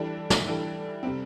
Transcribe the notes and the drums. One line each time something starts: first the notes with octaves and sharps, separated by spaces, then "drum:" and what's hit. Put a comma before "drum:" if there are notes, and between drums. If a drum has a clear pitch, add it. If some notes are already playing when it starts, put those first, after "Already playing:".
Already playing: E3 G3 D4 A4
drum: snare
E3 G3 D4 A4
C3 G3 C4